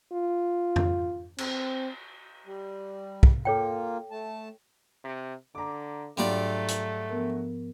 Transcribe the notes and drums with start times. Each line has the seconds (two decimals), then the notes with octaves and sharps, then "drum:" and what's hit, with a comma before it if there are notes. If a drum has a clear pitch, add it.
0.13 F4
0.76 drum: tom F2
1.38 C4, drum: cymbal
2.46 G3
3.23 drum: kick
3.45 A#3 F4 A4 C#5 G5
4.11 A3 A5
5.04 C3
5.55 D3 A#5 D6
6.17 G#2 F#3 G3 A3 D4 F4 D5
6.68 drum: hi-hat
7.09 F3 B3 A#4